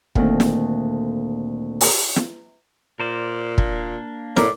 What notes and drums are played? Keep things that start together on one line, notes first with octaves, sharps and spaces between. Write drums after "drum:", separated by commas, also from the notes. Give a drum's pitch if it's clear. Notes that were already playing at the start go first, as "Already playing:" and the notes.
D2 A#2 D#3 A3 C4, drum: kick
drum: snare
drum: open hi-hat
drum: snare
A#2 A#4 C5 D5
A#3 D4, drum: kick
A2 A#4 D5, drum: snare